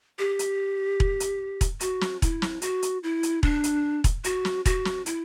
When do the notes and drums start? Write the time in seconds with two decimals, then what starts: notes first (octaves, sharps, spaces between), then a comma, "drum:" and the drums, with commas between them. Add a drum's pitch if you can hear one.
0.19 G4
0.39 drum: hi-hat
1.00 drum: kick E1
1.20 drum: hi-hat
1.61 drum: kick E1, hi-hat
1.80 F#4, drum: hi-hat
2.01 drum: snare
2.22 E4, drum: kick E1, hi-hat
2.42 drum: snare
2.62 F#4, drum: hi-hat
2.82 drum: hi-hat
3.03 E4
3.23 drum: hi-hat
3.43 D4, drum: kick E1
3.64 drum: hi-hat
4.04 drum: kick E1, hi-hat
4.24 F#4, drum: hi-hat
4.45 drum: snare
4.66 F#4, drum: kick E1, hi-hat
4.85 drum: snare
5.06 E4, drum: hi-hat